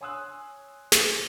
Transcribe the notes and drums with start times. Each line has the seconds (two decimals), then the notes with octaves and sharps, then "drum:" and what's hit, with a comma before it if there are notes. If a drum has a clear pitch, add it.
0.01 C#5 G#5 C6 D#6 E6 F#6
0.92 drum: snare